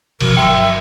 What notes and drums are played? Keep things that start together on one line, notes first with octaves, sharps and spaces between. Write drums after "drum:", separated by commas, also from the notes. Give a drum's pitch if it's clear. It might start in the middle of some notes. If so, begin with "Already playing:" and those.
G#1 B2 F3 A#4, drum: cymbal
G1 F#3 E5 G5 A#5 C6